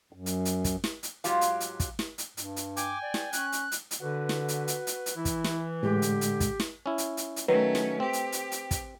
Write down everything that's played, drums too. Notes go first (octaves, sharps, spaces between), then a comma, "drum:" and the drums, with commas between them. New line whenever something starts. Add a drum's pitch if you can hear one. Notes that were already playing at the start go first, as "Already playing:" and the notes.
F#2
drum: hi-hat
drum: hi-hat
drum: kick, hi-hat
drum: snare
drum: hi-hat
G#2 F#3 G#3 F4 G4 F5, drum: hi-hat
drum: hi-hat
drum: hi-hat
drum: kick, hi-hat
drum: snare
drum: hi-hat
G2, drum: hi-hat
drum: hi-hat
G5 G#5 D6, drum: hi-hat
D5
drum: snare
C#4 F#6, drum: hi-hat
drum: hi-hat
drum: hi-hat
drum: hi-hat
D3 F#4 B4
drum: snare
drum: hi-hat
drum: hi-hat
drum: hi-hat
drum: hi-hat
E3 E4
drum: kick, hi-hat
drum: snare
A2 D3 G#3 G4
drum: hi-hat
drum: hi-hat
drum: kick, hi-hat
drum: snare
C#4 E4
drum: hi-hat
drum: hi-hat
drum: hi-hat
D#3 F#3 A3 C#4 B4
drum: snare
C4 G4
drum: hi-hat
drum: hi-hat
drum: hi-hat
drum: kick, hi-hat